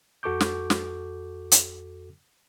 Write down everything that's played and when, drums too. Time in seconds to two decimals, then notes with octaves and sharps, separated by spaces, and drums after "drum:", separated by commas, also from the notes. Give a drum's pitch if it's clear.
0.23 F2 F#4 A4 C#6 D6 G6
0.41 drum: snare
0.70 drum: snare
1.52 drum: hi-hat